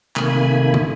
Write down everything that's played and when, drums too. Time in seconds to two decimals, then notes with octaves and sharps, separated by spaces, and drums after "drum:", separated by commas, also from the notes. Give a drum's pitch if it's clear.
0.16 C3 D#3 A3 A#3 G#5 B5, drum: clap
0.74 drum: tom